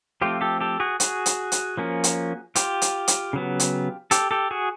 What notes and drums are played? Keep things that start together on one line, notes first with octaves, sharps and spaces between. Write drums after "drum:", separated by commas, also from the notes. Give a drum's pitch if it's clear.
F3 A3 C4 F4 G4
G4 A4
G4 A4
F#4 G#4
F#4 G#4, drum: hi-hat
drum: hi-hat
drum: hi-hat
F3 A#3 C#4
drum: hi-hat
F4 G4, drum: hi-hat
drum: hi-hat
drum: hi-hat
C#3 F#3 B3
drum: hi-hat
G4 A4, drum: hi-hat
G4 A4
F#4 G#4